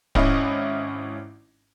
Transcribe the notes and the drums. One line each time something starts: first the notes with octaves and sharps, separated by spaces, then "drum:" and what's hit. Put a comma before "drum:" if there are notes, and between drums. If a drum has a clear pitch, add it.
G#1 C#4 E4 D#5, drum: kick